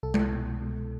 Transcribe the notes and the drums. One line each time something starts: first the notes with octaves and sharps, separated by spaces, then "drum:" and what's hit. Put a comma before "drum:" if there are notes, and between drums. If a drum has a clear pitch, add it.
C2 A4
drum: tom G#3
B2
B2